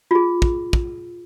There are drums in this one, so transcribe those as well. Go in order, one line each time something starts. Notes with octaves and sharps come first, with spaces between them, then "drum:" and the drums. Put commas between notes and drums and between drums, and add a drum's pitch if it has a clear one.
F4 G#4
drum: kick
drum: kick